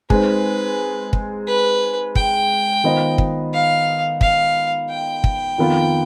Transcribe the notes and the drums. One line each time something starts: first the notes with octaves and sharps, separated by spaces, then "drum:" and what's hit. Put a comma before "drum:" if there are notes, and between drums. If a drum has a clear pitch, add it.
G#3 C4 D#4 B4, drum: kick
drum: kick
B4
G5, drum: kick
D#3 B3 F4 C5 D#5
drum: kick
F5
F5, drum: kick
G5
drum: kick
F2 D#3 B3 F4